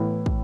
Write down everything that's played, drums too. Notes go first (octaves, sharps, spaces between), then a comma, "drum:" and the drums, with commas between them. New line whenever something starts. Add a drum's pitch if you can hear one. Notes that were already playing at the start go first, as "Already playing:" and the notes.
Already playing: A2 E3 B3 E4
drum: kick